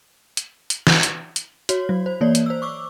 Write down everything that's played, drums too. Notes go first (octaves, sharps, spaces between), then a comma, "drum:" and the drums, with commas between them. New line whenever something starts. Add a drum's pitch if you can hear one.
drum: hi-hat
drum: hi-hat
drum: snare
drum: hi-hat
drum: hi-hat
F#4 C#5, drum: hi-hat
F#3
C5
E3 A#3 C#5 D5
drum: hi-hat
C5 E6
C#6 D6 E6